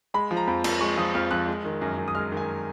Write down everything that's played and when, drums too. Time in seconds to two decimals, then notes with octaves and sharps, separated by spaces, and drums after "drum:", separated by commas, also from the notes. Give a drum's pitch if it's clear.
0.14 G#3 B5
0.31 F3
0.37 A#5
0.48 F2 B5
0.64 F2, drum: cymbal
0.81 G#3 C#6
0.97 F3 D#6
1.14 F2 F6
1.31 F2 F#6
1.48 G#3
1.65 D#3
1.81 F#2
1.98 F#2
2.08 D#6
2.15 G#3 F6
2.32 D#3
2.37 G#5